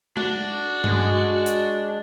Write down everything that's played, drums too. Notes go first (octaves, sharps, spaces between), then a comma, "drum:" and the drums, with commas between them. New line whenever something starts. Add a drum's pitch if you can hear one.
D4 F#4, drum: tom G#3
G#3, drum: tom G2
drum: hi-hat